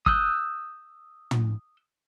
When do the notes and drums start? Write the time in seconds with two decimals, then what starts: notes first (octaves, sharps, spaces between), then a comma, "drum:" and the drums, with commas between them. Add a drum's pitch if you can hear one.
0.06 D#6 E6 F#6 G6, drum: kick
1.31 drum: tom